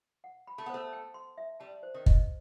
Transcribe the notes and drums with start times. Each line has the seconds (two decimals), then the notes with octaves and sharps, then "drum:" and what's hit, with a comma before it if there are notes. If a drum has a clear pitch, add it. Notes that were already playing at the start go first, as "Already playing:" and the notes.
0.24 F#5
0.47 B5
0.58 A3
0.66 B3
0.70 A3 C5
0.93 G5
1.14 C6
1.38 E5
1.60 G3 A5
1.83 C5
1.94 D#3
2.06 D#5, drum: kick